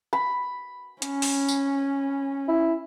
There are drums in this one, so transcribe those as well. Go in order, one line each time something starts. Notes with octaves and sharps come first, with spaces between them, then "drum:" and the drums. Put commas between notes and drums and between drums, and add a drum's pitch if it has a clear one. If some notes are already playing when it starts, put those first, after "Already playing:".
B5
C#4, drum: hi-hat
drum: open hi-hat
drum: tambourine
E4